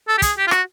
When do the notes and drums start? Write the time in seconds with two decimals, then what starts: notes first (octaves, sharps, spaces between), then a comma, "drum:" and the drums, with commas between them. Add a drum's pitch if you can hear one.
0.08 A4
0.18 G4
0.22 G#4, drum: kick, hi-hat
0.37 G4
0.47 F4
0.51 F#4, drum: rim click